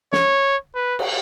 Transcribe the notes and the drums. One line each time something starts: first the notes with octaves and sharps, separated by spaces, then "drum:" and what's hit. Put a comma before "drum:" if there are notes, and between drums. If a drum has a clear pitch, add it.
C#5, drum: snare
B4
drum: cymbal